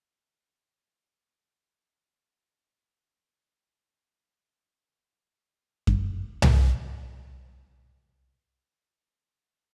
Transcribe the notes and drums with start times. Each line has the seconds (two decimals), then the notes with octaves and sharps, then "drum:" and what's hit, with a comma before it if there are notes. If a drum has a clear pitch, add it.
0.20 A2
1.15 A#4
1.84 G4
2.17 D#2 D3 G4 C5 D#5 E5
5.24 D#6 C#7
5.87 drum: kick F#2
6.42 drum: tom C2
8.47 A4 A#4
8.95 C#5